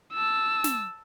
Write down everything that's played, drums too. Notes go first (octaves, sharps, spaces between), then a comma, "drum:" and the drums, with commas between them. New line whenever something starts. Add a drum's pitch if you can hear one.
A5 E6
drum: snare